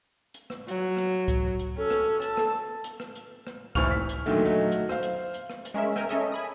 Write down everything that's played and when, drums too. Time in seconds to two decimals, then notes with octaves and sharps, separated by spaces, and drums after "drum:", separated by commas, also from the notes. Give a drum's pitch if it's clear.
0.34 drum: hi-hat
0.50 drum: rim click
0.68 F#3, drum: hi-hat
0.97 drum: rim click
1.28 drum: kick C#2, hi-hat
1.59 drum: hi-hat
1.78 C#4 A4
1.90 drum: rim click
2.22 A5, drum: hi-hat
2.37 drum: rim click
2.84 drum: hi-hat
3.00 drum: rim click
3.15 drum: hi-hat
3.47 drum: rim click
3.75 F1 E3 C5 C#6 F6 F7, drum: kick C#2, hi-hat
3.91 B6
4.09 drum: hi-hat
4.26 A#2 D3 D#3 F#3 A3
4.45 F#3 A3 D#4
4.72 drum: hi-hat
4.89 C5 F5, drum: rim click
5.03 drum: hi-hat
5.34 drum: hi-hat
5.50 drum: rim click
5.65 drum: hi-hat
5.74 G#3 C#4 A#4 E5
5.96 A#4 E5 G5 G#5, drum: rim click
6.09 C#4 A4 C#5 D#5 E5
6.32 G#5 B5 D#6